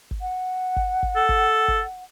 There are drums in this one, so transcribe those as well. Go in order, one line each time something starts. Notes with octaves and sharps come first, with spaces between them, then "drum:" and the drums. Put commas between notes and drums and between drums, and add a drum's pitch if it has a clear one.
drum: kick G#1
F#5
drum: kick G#1
drum: kick G#1
A4
drum: kick G#1
drum: kick G#1